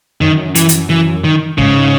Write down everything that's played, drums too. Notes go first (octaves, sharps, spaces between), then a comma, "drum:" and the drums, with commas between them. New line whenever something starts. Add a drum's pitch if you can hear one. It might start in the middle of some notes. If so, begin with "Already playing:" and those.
F#2 D#3
E3, drum: hi-hat
drum: hi-hat
E3
D#3
G#2 C#3, drum: kick